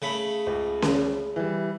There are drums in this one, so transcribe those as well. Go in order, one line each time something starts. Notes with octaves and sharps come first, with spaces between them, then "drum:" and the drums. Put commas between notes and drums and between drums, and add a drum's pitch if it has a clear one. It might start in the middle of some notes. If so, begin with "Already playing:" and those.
C#3 A3 B5
C#2
drum: snare C#4
E3 G3